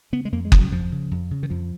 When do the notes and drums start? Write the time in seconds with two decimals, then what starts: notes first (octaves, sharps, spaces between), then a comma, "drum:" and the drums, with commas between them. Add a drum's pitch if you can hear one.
0.12 C#3 B3
0.25 G#3
0.32 F2 A#3
0.45 G#3
0.52 C#3, drum: kick F#1
0.59 F#3
0.72 F2 F3
0.92 C#3
1.11 F2
1.31 C#3
1.43 D#3
1.50 F2 F3